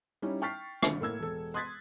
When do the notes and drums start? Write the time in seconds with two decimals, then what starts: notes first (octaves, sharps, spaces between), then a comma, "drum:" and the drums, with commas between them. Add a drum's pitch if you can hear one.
0.22 G3 C#4 D#4 E4
0.42 G5 C#6 F6 A6 B6 C7
0.83 G#1 D3 C#7, drum: rim click
1.01 A2 A#3 E6 G#6
1.20 E1 A4
1.54 C6 D#6 F#6 G#6 A6 B6